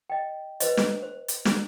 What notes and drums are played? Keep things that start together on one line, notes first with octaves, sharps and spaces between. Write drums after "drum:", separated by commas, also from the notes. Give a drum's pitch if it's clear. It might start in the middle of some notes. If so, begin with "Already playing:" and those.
D#5 G5
B4 C5 D#5, drum: hi-hat
drum: snare
C5
drum: hi-hat
drum: snare